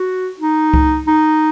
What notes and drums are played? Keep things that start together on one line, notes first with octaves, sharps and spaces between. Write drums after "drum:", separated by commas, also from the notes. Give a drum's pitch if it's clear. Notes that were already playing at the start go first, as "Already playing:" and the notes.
Already playing: F#4
D#4
drum: kick C#2
D#4